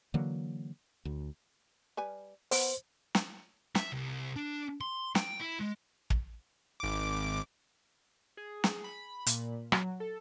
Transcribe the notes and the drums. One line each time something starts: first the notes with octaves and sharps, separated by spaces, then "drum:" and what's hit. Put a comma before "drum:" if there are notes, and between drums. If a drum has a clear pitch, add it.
D3 E3 F#3 A#3
D2
G3 B4 G#5
B3 B4 C5 F#5, drum: open hi-hat
drum: snare
E5, drum: snare
C2
D4
C6
G5, drum: snare
E4
G#3
drum: kick
G#1 D6
G#4
drum: snare
B5
A#2, drum: hi-hat
F#3, drum: rim click
A4